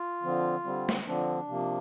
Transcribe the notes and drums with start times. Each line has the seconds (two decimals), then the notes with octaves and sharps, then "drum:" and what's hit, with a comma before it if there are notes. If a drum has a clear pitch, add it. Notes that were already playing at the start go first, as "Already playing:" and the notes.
Already playing: F4
0.22 D3 F3 C4
0.64 D3 G3 C4
0.89 drum: snare
1.06 D3 F3 C4 D4
1.48 C3 F3 A#3